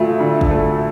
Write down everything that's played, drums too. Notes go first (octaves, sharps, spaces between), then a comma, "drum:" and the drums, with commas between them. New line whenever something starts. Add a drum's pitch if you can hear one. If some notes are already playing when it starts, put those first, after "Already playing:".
Already playing: D2 A3 F4
D3
drum: kick
A3